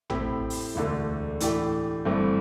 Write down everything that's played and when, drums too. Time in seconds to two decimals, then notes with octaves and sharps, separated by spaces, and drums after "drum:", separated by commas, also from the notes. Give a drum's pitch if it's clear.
0.10 A2 A3 C4 E4 G4, drum: tom A1
0.50 drum: open hi-hat
0.75 E1 D2 D3 A3
1.40 A2 E3 A3 D4 G4, drum: hi-hat
2.05 G1 G2 E3 A3 C4